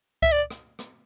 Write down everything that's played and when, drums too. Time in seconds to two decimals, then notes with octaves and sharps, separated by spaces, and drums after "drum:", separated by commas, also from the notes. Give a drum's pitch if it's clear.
0.22 E5, drum: kick C#2, hi-hat
0.32 D5
0.50 drum: rim click
0.79 drum: rim click